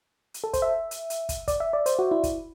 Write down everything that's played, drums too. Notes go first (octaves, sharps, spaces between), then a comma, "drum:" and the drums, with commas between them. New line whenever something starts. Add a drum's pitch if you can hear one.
drum: hi-hat
A4
C5, drum: kick, hi-hat
E5
drum: hi-hat
drum: hi-hat
drum: kick, hi-hat
D5, drum: kick, hi-hat
E5
D5
C5, drum: hi-hat
F#4
E4
drum: kick, hi-hat